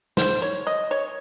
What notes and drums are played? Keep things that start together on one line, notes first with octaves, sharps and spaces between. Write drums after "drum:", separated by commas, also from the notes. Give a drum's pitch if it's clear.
C5, drum: snare
C#5
D#5
C#5